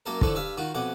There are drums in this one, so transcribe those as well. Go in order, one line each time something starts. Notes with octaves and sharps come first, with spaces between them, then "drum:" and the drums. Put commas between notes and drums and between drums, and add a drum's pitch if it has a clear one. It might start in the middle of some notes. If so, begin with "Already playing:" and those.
F#2 A#3 A4 A#4
D3 E3 F3 A4 C#6, drum: kick
G2 E5 F5
D#3 F4 F#4
F2 B2 F#5 D6